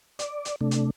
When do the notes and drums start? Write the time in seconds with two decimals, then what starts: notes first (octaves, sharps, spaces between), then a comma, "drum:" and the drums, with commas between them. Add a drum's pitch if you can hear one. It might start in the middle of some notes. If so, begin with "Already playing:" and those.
0.19 D5, drum: hi-hat
0.45 drum: hi-hat
0.61 C3 A3 D4
0.71 drum: hi-hat